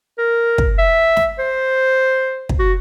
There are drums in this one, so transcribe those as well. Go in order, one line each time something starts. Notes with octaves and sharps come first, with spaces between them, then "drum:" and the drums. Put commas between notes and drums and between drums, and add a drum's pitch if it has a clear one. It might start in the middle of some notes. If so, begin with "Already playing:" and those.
A#4
drum: kick
E5
drum: snare
C5
drum: kick
F#4